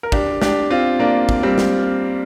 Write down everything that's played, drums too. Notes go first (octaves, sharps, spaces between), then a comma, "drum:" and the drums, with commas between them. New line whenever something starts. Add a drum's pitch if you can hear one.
A#4
D4 G4, drum: kick
D4 G4, drum: snare
C4 F4
A#3 D4
drum: kick
G3 C4
drum: snare